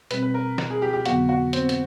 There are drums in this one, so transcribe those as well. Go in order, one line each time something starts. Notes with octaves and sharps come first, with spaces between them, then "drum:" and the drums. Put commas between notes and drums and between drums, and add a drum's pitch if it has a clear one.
B2 G3 C4 B4, drum: hi-hat
B4
A#4
drum: snare
G#4
G4
G4
F2 D3 F#3 B3 F#4, drum: hi-hat
F#4
C4, drum: hi-hat
drum: hi-hat